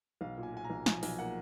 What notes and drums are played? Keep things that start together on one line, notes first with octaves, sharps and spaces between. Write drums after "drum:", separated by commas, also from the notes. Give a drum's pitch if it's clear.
B1 F5
A#2
G#5
A#2 G#5
A#5
B1
F3 G#5, drum: snare
B1 G#5, drum: open hi-hat
A#3 F#5